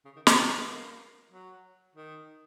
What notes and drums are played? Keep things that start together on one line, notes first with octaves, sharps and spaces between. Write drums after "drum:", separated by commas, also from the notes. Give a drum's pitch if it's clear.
C#3
D#3
F3, drum: snare
F#3
B3
A#3
F#3
D#3